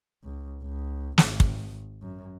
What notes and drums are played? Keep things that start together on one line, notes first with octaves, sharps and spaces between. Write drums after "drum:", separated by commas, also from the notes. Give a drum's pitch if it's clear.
C#2
C#2
G#1, drum: snare
drum: kick
F#2